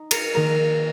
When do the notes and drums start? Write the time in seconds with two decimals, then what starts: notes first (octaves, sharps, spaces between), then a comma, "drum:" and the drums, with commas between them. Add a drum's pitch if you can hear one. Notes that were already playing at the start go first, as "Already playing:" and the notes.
Already playing: D#4
0.11 A#4, drum: cymbal
0.34 D#3 A#3 A#4